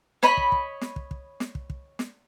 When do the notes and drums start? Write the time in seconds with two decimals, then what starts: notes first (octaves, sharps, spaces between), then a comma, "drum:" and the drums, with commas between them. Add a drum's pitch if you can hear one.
0.23 C#5 D#5 B5, drum: snare
0.37 drum: kick
0.52 drum: kick
0.81 drum: snare
0.96 drum: kick
1.11 drum: kick
1.40 drum: snare
1.55 drum: kick
1.70 drum: kick
1.99 drum: snare